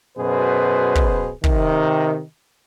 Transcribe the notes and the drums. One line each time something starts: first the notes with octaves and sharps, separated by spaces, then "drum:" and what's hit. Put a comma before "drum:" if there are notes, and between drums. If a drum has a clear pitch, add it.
F#2 B2 G#4 B4 C5
drum: kick
C3 D#3, drum: kick